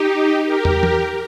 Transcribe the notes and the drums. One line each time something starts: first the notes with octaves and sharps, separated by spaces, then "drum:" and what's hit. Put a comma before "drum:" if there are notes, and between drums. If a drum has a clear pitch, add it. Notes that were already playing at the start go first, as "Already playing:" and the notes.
Already playing: D#4 G4
G4 A#4
drum: tom
drum: tom